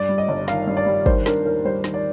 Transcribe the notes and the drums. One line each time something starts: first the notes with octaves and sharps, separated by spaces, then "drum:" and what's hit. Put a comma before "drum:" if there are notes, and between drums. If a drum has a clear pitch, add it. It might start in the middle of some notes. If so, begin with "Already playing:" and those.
Already playing: G2 D5
G3
D#5
G1
D#3 F5, drum: snare
G2
D5
G3
D#3 C5, drum: kick
D4 A#4, drum: snare
D#2 A#4
G3 C5
D#3, drum: snare
D5